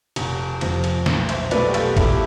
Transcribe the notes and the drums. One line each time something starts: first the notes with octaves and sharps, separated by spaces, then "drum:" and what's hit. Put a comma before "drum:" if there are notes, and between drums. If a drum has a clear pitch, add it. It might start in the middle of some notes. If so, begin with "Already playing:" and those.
F1, drum: cymbal
F2 C3 F3, drum: cymbal
drum: cymbal
B1, drum: snare
C5 E5, drum: cymbal
B2 A3 B4 D5, drum: cymbal
G4
F4 A4, drum: cymbal
E1 E4 G4, drum: kick A1, cymbal